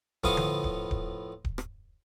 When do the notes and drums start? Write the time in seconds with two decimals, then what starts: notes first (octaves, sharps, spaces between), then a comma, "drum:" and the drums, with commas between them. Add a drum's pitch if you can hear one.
0.24 A2 F3 B3 F5 C#6 D#6, drum: kick D1
0.37 drum: tom D3
0.64 drum: kick D1
0.91 drum: kick D1
1.45 drum: kick D1
1.58 drum: rim click